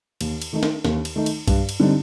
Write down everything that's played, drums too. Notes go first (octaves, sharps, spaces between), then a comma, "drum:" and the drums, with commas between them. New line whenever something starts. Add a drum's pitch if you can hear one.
D#2, drum: cymbal
drum: cymbal
D#3 A3 D#4
drum: snare
D#2, drum: snare
drum: cymbal
D#3 A3 D#4
drum: cymbal
G2, drum: kick B1, cymbal
drum: cymbal
D3 G3 C4 D#4